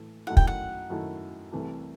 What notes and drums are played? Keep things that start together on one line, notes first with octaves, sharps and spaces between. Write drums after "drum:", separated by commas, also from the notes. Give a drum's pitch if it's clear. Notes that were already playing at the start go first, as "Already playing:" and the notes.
Already playing: A2 E3 A3
F#2 D#3 A3 E4 F#5
G5, drum: kick
F#5
F#2 D#3 A3 E4
C2 C3 E3 A3